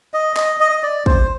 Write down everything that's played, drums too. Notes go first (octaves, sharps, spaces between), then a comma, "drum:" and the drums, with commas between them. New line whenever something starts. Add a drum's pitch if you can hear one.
D#5
D#5, drum: clap
D#5
D#5
D5
C5, drum: kick